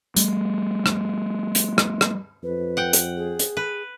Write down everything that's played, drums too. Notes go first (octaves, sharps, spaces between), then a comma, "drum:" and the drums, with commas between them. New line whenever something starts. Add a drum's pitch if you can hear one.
G3 A3, drum: hi-hat
drum: rim click
drum: hi-hat
drum: rim click
drum: rim click
F2 B4
F#5 G5
drum: hi-hat
G#4
drum: hi-hat
B4